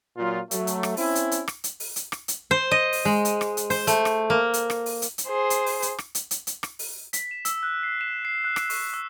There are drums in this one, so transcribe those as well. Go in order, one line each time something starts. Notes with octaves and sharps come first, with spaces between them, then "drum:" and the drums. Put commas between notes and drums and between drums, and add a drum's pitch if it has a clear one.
A#2 F#3 F4
F#3 A3, drum: hi-hat
drum: hi-hat
drum: rim click
C4 C#4 E4, drum: open hi-hat
drum: hi-hat
drum: hi-hat
drum: rim click
drum: hi-hat
drum: open hi-hat
drum: hi-hat
drum: rim click
drum: hi-hat
C5
D#5
drum: open hi-hat
G#3
drum: hi-hat
drum: rim click
drum: hi-hat
C5, drum: open hi-hat
A3, drum: hi-hat
drum: rim click
A#3
drum: hi-hat
drum: rim click
drum: open hi-hat
drum: hi-hat
drum: hi-hat
G#4 C5
drum: hi-hat
drum: open hi-hat
drum: hi-hat
drum: rim click
drum: hi-hat
drum: hi-hat
drum: hi-hat
drum: rim click
drum: open hi-hat
B6, drum: hi-hat
E7
E6, drum: hi-hat
F#6
C7
E7
C7
F#6
drum: rim click
C#6, drum: open hi-hat
E6